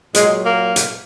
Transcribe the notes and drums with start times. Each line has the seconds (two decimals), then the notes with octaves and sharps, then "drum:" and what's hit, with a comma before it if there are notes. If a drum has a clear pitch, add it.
0.15 A#2 F#3 G#3, drum: hi-hat
0.46 A#3
0.76 drum: hi-hat